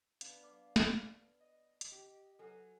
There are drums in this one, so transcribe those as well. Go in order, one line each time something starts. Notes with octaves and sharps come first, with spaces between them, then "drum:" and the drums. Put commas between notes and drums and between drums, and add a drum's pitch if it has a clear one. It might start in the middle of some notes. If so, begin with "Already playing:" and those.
B3 D4 F5, drum: hi-hat
D5 F5 D6
drum: snare
B4
D#5
drum: hi-hat
G4
F#3 A4 B4 F#5 G#5